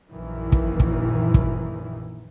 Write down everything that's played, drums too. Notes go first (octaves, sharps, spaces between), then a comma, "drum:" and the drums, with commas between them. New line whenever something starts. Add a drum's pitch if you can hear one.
A#1 F#2 D#3 E3
drum: kick
drum: kick
drum: kick